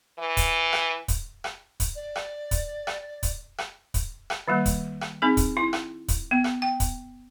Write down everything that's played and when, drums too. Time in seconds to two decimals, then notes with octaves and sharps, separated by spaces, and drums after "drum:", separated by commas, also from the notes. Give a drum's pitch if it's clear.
0.18 E3
0.37 drum: kick, hi-hat
0.73 drum: rim click
1.08 drum: kick, hi-hat
1.44 drum: rim click
1.80 drum: kick, hi-hat
1.96 D5
2.15 drum: rim click
2.51 drum: kick, hi-hat
2.87 drum: rim click
3.23 drum: kick, hi-hat
3.58 drum: rim click
3.94 drum: kick, hi-hat
4.30 drum: rim click
4.48 D#3 G3 A#3
4.66 drum: kick, hi-hat
5.01 drum: rim click
5.22 C4 D#4 G#4
5.37 drum: kick, hi-hat
5.57 E4
5.73 drum: rim click
6.08 drum: kick, hi-hat
6.31 B3
6.44 drum: rim click
6.62 G5
6.80 drum: kick, hi-hat